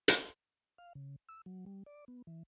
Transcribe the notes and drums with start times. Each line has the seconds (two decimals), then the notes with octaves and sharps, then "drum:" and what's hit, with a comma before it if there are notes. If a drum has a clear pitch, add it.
0.08 drum: hi-hat
0.78 F5
0.95 C#3
1.29 E6
1.46 F#3
1.66 G3
1.86 D5
2.08 B3
2.27 E3